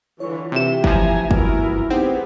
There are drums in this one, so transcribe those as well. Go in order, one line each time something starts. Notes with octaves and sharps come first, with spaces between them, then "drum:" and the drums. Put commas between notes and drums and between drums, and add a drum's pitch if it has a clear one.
D3 E3 F4 C#5 C#6
C3 G4 E5 G5 E7
E3 F3 G#5 A#5, drum: kick
G2 A3 B3 E4 F#4 A#4, drum: kick
B3 C4 D#4 G4 G#4 C5 F#5